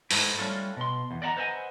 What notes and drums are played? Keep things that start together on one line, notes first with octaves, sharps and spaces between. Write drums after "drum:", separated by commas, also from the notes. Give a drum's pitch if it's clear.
G#2 A3 E4, drum: open hi-hat
G3 A3 C#4 D4 F4 A4
B2 C6
E2
D5 D#5 F#5 A5 A#5
B4 C5 D#5 E5 F#5 G#5